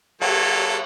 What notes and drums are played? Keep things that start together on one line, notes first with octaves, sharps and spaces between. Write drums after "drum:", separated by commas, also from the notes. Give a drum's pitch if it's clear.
F#3 A#3 A4, drum: cymbal